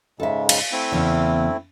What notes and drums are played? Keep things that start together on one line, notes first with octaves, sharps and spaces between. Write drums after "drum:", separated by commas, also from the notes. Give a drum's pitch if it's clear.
G#2 C#3 G#3 A4 E5
F5, drum: cymbal
A3 C4 E4
E2 C#3